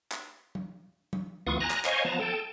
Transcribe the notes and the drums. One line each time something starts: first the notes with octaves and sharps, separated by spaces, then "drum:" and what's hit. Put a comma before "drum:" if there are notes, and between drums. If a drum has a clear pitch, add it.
drum: clap
drum: tom F#3
drum: tom F#3
D2 E3 B3 F4 C#6 D#6
G#5 A#5 F#6 A#6
drum: clap
C5 C#5 D#5 F5 G#5 C#6, drum: clap
F3 B3 A5 A#5
A4 G5 A5